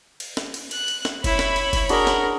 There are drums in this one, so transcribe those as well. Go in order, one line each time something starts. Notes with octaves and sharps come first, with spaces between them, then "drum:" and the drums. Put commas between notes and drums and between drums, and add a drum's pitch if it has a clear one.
drum: cymbal
drum: snare
drum: cymbal
F#6, drum: cymbal
drum: cymbal
drum: snare
E4 C#5 B5, drum: kick F1, cymbal
drum: snare
drum: cymbal
drum: kick F1, cymbal
D4 F#4 G#4 A#4, drum: cymbal
drum: snare